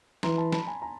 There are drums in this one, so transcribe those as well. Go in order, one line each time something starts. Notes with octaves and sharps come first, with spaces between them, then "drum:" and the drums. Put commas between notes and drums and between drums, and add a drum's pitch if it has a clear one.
E3 A#5 C6, drum: snare
A5 B5
A5 B5, drum: snare
G#5 A#5
G#5 A#5